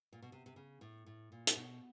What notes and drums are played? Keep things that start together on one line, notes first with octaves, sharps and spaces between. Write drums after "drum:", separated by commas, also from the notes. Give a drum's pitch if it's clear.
A#2
B2
C3
C3
C#3
A2
A2
A#2
drum: hi-hat
B2